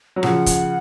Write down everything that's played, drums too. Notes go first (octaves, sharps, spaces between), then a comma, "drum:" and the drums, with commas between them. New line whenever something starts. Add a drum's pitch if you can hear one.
F#3
C#3 F3 F#5, drum: rim click
drum: kick, hi-hat